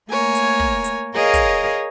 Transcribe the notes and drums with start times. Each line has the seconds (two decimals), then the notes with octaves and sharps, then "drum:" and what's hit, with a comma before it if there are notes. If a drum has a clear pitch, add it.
0.10 A3 A#3 A#4 C#5 G#5
0.35 drum: hi-hat
0.60 drum: kick
0.84 drum: hi-hat
1.13 G#4 A#4 C#5 D#5 F5
1.33 drum: kick, hi-hat